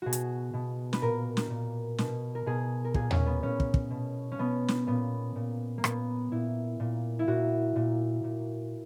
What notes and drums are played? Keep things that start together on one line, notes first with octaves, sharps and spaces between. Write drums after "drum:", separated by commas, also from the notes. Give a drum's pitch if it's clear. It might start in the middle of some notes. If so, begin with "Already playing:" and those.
B2 F#4 G#4
drum: hi-hat
B2
B4, drum: snare
A#2 A#4
drum: snare
A#2
B2, drum: snare
A#4
B2 G#4
A#4
A#2 G#4, drum: kick
C#4, drum: tom D#2
B3
A#2 C#4
drum: kick
drum: kick
B2
C#4
B2 B3
drum: snare
A#2 B3
A#2
A#3
A#2 B3, drum: rim click
A#2 E4
A#2
E4
A#2 F#4
A#2
A#2